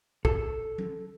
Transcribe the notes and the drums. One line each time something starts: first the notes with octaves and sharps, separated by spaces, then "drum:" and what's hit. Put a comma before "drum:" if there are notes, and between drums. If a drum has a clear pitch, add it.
A4, drum: kick
drum: tom F#3